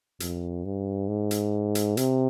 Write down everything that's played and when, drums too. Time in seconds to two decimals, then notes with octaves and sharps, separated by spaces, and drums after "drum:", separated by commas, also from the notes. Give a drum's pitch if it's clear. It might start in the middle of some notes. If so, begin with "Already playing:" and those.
0.20 F2, drum: hi-hat
0.64 G2
1.08 G#2
1.31 drum: hi-hat
1.75 drum: hi-hat
1.97 C3, drum: hi-hat